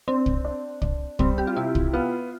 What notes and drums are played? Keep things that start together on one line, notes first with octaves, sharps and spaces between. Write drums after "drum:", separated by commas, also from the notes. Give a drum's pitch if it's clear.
C4 D4
drum: kick
D4
D4, drum: kick
G3 C4, drum: kick
G4
F4
C3 E4
drum: kick
B3 F4